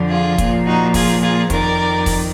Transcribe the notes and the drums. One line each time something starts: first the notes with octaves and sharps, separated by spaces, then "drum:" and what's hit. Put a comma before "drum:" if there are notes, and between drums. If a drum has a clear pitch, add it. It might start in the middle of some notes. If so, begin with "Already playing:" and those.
Already playing: F2 D3 F3
F4 G#4
A#2 F3, drum: kick, hi-hat
D#4 F#4
F4 G#4, drum: kick, open hi-hat
F4 G#4
F2 D#3 A#4 D5, drum: kick, hi-hat
drum: kick, open hi-hat